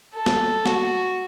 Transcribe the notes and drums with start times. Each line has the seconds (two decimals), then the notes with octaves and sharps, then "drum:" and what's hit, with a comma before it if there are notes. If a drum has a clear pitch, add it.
0.15 A4
0.26 drum: snare
0.66 F#4, drum: snare